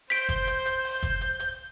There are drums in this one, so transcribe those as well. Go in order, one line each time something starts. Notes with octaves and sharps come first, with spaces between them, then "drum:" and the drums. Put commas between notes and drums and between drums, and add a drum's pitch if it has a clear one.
C5 G6 B6 D7, drum: open hi-hat
drum: kick, hi-hat
drum: hi-hat
drum: hi-hat
drum: open hi-hat
drum: kick, hi-hat
drum: hi-hat
drum: hi-hat